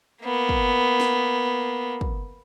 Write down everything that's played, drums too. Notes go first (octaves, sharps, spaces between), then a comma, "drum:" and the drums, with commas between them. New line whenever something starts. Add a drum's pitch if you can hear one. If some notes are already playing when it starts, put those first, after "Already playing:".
A#3 B3
drum: kick
drum: snare
drum: kick